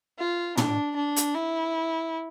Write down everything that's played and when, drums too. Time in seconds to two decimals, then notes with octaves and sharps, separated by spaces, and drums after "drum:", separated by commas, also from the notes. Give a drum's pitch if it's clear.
0.18 F4
0.57 D4, drum: tom
0.95 D4
1.16 drum: hi-hat
1.34 E4